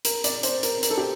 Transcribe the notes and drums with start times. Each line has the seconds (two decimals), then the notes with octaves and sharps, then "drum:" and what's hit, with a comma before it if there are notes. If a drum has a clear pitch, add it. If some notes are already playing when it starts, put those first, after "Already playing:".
0.05 A#4, drum: hi-hat
0.24 D5, drum: hi-hat
0.43 C5, drum: hi-hat
0.63 A#4, drum: hi-hat
0.83 A#4, drum: hi-hat
0.90 A4
0.97 G4